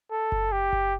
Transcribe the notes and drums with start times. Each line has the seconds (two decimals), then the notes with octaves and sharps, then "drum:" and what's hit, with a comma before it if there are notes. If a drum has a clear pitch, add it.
0.12 A4
0.32 drum: kick F#1
0.52 G4
0.73 drum: kick F#1